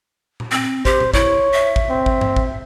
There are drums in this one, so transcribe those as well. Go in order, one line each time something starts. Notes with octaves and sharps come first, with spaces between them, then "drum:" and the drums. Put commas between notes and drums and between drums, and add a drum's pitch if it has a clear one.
drum: tom A#2
C4
G4 C5, drum: kick
drum: tom A#2
E4 C#5, drum: kick
E5
drum: kick
C4
drum: kick
drum: tom G2
drum: kick